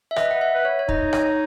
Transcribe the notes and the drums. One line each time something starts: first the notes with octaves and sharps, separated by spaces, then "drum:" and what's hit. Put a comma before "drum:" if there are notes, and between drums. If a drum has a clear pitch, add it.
E5
B4 D#5, drum: rim click
B4 F#5
E5
B4
C#5
C#5
D#4 D#5, drum: kick
C#5, drum: rim click